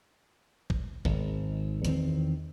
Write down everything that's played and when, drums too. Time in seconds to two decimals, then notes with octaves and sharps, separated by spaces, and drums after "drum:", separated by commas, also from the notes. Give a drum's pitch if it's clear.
0.70 drum: kick
1.05 G#1, drum: kick
1.85 E2 D#3 C4, drum: hi-hat